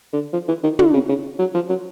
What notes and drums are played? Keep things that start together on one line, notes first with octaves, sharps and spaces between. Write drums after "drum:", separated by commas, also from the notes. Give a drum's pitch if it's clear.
D3
F3
E3
D#3
D3, drum: tom
C#3
C#3
F#3
F3
F#3